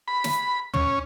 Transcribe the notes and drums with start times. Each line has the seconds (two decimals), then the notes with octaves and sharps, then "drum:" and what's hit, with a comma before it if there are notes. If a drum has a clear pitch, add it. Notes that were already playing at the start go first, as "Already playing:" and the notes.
0.08 B5
0.24 drum: snare
0.74 C#4, drum: tom